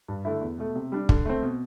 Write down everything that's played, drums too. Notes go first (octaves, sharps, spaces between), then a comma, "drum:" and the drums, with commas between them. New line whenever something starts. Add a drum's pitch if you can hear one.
G2
D3 A3 E4
E2
B2 A3
C3
G3 D4
D3, drum: kick
A3 C4
B2